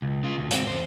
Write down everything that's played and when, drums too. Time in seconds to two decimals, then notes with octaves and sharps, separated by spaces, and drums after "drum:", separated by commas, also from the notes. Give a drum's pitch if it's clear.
0.02 C#2
0.23 C#3 F4
0.38 D2
0.51 G#2 C4, drum: hi-hat
0.67 E2 C5